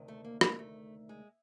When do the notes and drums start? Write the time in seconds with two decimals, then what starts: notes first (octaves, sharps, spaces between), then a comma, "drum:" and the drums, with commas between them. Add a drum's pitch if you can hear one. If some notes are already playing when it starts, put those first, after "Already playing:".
Already playing: D2 C3 D#3
0.08 A3
0.24 A#3
0.41 A#3, drum: rim click
0.59 A3
1.09 G#3